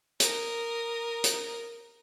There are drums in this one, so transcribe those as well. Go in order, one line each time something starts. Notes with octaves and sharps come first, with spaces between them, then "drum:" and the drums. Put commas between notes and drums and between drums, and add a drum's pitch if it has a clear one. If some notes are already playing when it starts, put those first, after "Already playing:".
A#4 D#6, drum: hi-hat
drum: hi-hat